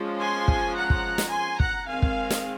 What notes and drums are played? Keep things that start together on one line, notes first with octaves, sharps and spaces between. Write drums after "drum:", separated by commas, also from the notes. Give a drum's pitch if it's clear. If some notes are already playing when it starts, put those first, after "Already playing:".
Already playing: F3 G#3 C#4
G#5 C6
drum: kick
F#5 A#5
drum: kick
drum: snare
G#5 C6
F#5 A#5, drum: kick
D#3 G#3 C4 F5 G#5
drum: kick
drum: snare